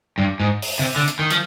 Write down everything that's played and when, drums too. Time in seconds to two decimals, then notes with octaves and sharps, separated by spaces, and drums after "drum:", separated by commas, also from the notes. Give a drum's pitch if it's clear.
0.18 G2
0.40 G#2
0.62 drum: open hi-hat
0.79 C3
0.96 D3
1.08 drum: hi-hat
1.19 D#3
1.31 F3, drum: hi-hat